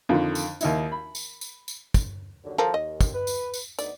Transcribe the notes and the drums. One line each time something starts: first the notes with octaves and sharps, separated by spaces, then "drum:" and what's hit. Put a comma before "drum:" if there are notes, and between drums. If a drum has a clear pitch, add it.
F2 D3 D#3
drum: tambourine
D#2 D#4 E4, drum: tambourine
B5
drum: tambourine
drum: tambourine
drum: tambourine
drum: kick, tambourine
D#2 D3 F#3
F3 A4 A#4
D#2 D#5
drum: kick, tambourine
B4
drum: tambourine
drum: tambourine
D2 B3 D#4 D5, drum: tambourine